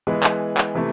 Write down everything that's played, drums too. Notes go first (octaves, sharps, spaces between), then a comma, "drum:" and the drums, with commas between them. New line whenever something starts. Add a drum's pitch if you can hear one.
E3 G#3 B3
drum: clap
drum: clap
C3 E3 A3